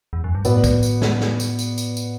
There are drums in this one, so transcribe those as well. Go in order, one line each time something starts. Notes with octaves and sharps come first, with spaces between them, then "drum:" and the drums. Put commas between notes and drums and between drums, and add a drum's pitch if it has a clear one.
E2
F#2
G2
A2 B3 F#4 B4 D5, drum: tambourine
drum: kick, tambourine
drum: tambourine
drum: snare
drum: snare
drum: tambourine
drum: tambourine
drum: tambourine
drum: tambourine